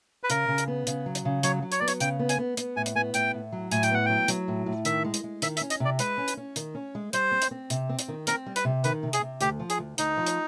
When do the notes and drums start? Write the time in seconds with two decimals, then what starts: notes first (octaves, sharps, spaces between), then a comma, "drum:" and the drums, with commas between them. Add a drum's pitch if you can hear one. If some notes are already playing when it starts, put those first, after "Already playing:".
0.23 B4
0.30 C#3 A#4, drum: hi-hat
0.48 C#3
0.58 drum: hi-hat
0.68 B3
0.87 C#3, drum: hi-hat
1.06 F#3
1.15 drum: hi-hat
1.25 C#3
1.43 F#3 C#5, drum: hi-hat
1.62 F#3
1.72 C#5, drum: hi-hat
1.80 B3 D5
1.88 C#5, drum: hi-hat
2.00 C#3 G5, drum: hi-hat
2.19 B3
2.29 G#5, drum: hi-hat
2.39 B3
2.57 B3, drum: hi-hat
2.76 A2 G#5
2.86 drum: hi-hat
2.95 B3 G#5
3.14 A2 G5, drum: hi-hat
3.34 A2
3.52 F#3
3.71 A2 G#5, drum: hi-hat
3.83 G5, drum: hi-hat
3.91 B3 F#5
4.06 F#3 G5
4.28 F#3, drum: hi-hat
4.48 A2
4.66 A2
4.85 D#3 E5, drum: hi-hat
5.04 G#3
5.14 drum: hi-hat
5.24 G#3
5.42 D#3 E5, drum: hi-hat
5.57 E5, drum: hi-hat
5.61 C#4
5.70 D#5, drum: hi-hat
5.80 C3 D5
5.99 G#3 B4, drum: hi-hat
6.18 C#4
6.28 drum: hi-hat
6.37 C#4
6.56 D#3, drum: hi-hat
6.75 C#4
6.95 G#3
7.13 G3 C5, drum: hi-hat
7.32 C4
7.42 drum: hi-hat
7.51 C4
7.70 C3, drum: hi-hat
7.89 C4
7.99 drum: hi-hat
8.08 D#3
8.27 C4 A#4, drum: hi-hat
8.46 G3
8.56 B4, drum: hi-hat
8.65 C3
8.84 D#3 B4, drum: hi-hat
9.03 C3
9.13 G#4, drum: hi-hat
9.22 C3
9.41 D2 G4, drum: hi-hat
9.59 F3
9.70 G#4, drum: hi-hat
9.79 D2
9.98 D2 D#4, drum: hi-hat
10.17 F3
10.27 drum: hi-hat